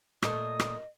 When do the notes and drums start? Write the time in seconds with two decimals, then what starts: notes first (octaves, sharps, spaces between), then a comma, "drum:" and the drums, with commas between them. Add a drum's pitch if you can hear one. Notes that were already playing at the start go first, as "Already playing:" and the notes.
0.22 A#2 A3 D#5 D#6, drum: rim click
0.60 drum: rim click